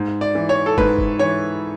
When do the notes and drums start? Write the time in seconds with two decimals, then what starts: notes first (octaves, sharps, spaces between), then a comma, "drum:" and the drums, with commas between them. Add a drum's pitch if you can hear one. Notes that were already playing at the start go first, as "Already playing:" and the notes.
Already playing: G#2
0.21 D5
0.35 E3
0.49 C#5
0.66 A4
0.78 G#2 B4, drum: kick
0.98 drum: kick
1.19 E3 C#5